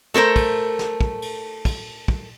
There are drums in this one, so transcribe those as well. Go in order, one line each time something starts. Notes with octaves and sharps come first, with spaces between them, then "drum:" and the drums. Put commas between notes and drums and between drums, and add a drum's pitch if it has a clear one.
A3 A4 A#4 C5
drum: kick, cymbal
drum: snare
drum: kick
drum: cymbal
drum: kick, cymbal
drum: kick